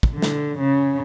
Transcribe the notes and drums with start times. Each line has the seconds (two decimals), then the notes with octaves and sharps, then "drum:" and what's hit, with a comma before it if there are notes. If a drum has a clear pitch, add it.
0.03 drum: kick
0.13 D3
0.22 drum: snare
0.59 C#3